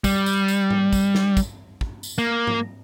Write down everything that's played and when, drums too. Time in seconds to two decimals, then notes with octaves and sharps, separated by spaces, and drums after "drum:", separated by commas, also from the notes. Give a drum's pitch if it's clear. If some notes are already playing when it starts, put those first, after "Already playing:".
0.04 G3, drum: kick, tambourine
0.26 drum: tambourine
0.48 drum: tambourine
0.70 drum: tom G#2
0.93 drum: kick, tambourine
1.15 drum: snare
1.37 drum: kick, tambourine
1.81 drum: kick
2.03 drum: tambourine
2.18 A#3
2.47 drum: tom G#2